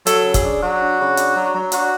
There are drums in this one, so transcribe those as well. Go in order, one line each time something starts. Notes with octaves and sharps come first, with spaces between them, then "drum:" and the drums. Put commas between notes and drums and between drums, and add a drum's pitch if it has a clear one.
F#3 A4, drum: hi-hat
C#3
G#4, drum: kick, hi-hat
D4
F#3 F#4
D4
C#3
D4, drum: hi-hat
F#3
F#3
D4 F#4, drum: hi-hat